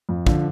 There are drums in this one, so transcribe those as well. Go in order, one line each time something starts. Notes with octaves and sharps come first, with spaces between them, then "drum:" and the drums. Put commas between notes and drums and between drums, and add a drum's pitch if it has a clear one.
F2
D3 F3, drum: kick